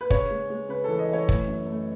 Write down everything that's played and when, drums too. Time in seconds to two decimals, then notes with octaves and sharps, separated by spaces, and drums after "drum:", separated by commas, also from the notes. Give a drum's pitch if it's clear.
0.01 B4
0.10 C#3 C#5, drum: kick
0.31 G#3
0.50 G#3
0.69 C#3 B4
0.84 A4
0.88 E3
0.99 D#5
1.08 E3 C#5
1.29 A3, drum: kick
1.47 F#2
1.67 A3